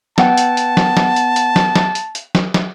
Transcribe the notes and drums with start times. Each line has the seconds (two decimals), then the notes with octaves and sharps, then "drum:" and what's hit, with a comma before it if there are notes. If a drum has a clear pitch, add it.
0.18 B3 F#5 G5 A5, drum: snare
0.38 drum: hi-hat
0.57 drum: hi-hat
0.77 drum: snare
0.97 drum: snare
1.16 drum: hi-hat
1.36 drum: hi-hat
1.56 drum: snare
1.76 drum: snare
1.95 drum: hi-hat
2.15 drum: hi-hat
2.35 drum: snare
2.54 drum: snare